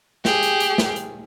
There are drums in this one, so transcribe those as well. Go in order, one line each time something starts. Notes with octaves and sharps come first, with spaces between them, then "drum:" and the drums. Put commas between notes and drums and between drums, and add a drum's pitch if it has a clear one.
G4 G#4, drum: snare
drum: hi-hat
drum: hi-hat
drum: snare
drum: hi-hat